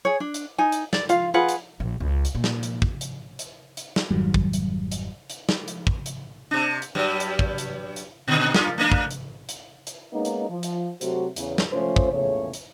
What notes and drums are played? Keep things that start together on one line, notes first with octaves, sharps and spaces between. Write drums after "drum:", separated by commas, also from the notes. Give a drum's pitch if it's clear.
G#4 C#5
D4
drum: hi-hat
D#4 G#5
drum: hi-hat
D5, drum: snare
F4 F5, drum: hi-hat
F4 G#4 B4 F#5
drum: hi-hat
A#1
C#2
drum: hi-hat
A#2
drum: snare
drum: hi-hat
drum: kick
drum: hi-hat
drum: hi-hat
drum: hi-hat
drum: snare
G1 F2 G#2 D#3 F#3 G3
drum: kick
drum: hi-hat
drum: hi-hat
drum: hi-hat
drum: snare
drum: hi-hat
drum: kick
drum: hi-hat
C3 D4
drum: hi-hat
G2 F#3 G3
drum: hi-hat
drum: kick
drum: hi-hat
drum: hi-hat
A#2 D3 D#3
F#2 A#3 F4, drum: snare
A3 A#3 D4
drum: kick
drum: hi-hat
drum: hi-hat
drum: hi-hat
G#3 A#3 B3 C#4 D#4
drum: hi-hat
F3
drum: hi-hat
C3 F#3 A3 F#4 G4 C5, drum: hi-hat
E2 C#3, drum: hi-hat
drum: snare
A3 C#4 F4 C5
drum: kick
E2 A#2 C#3 A3 C#5
drum: hi-hat